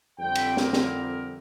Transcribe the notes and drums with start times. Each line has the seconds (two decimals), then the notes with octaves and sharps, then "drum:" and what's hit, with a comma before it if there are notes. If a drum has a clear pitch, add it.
0.19 F2 D3 G3 C4 G5
0.35 drum: cymbal
0.57 A#4, drum: snare
0.73 drum: snare